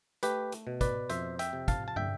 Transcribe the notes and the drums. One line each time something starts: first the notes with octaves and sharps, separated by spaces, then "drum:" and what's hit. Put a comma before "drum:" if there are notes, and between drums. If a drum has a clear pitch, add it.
A3 G4 B4, drum: hi-hat
drum: hi-hat
B2
B4 D5, drum: kick, hi-hat
F2 C5 E5, drum: hi-hat
E5 G5, drum: hi-hat
C3
F5 A5, drum: kick, hi-hat
A5
D3 E5 G5, drum: tom